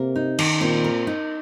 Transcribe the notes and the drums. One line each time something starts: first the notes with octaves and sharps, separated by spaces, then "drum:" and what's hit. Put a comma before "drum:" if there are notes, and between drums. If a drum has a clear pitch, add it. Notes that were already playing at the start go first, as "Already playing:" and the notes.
Already playing: C3 A#3 A#4
D#4
D#3, drum: cymbal
A#2 C4
A#4
D#4